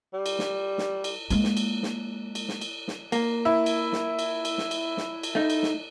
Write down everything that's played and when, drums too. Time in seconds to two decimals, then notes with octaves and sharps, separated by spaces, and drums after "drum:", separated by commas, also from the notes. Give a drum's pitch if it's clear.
0.14 G3
0.26 drum: cymbal
0.39 drum: snare
0.78 drum: snare
1.04 drum: cymbal
1.30 G#3 A#3, drum: cymbal
1.44 drum: snare
1.57 drum: cymbal
1.83 drum: snare
2.35 drum: cymbal
2.48 drum: snare
2.61 drum: cymbal
2.88 drum: snare
3.12 A#3, drum: cymbal
3.45 E4
3.66 drum: cymbal
3.92 drum: snare
4.19 drum: cymbal
4.45 drum: cymbal
4.58 drum: snare
4.71 drum: cymbal
4.97 drum: snare
5.23 drum: cymbal
5.35 A3 D#4
5.50 drum: cymbal
5.63 drum: snare